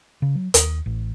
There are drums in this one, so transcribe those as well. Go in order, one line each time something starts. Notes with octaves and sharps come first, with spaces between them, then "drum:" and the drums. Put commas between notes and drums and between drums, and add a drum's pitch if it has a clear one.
C#3
F#3
D#2, drum: hi-hat
A1